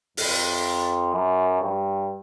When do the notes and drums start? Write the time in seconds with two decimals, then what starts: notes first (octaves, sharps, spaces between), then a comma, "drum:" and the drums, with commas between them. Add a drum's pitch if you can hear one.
0.17 F2, drum: open hi-hat
1.13 F#2
1.61 G2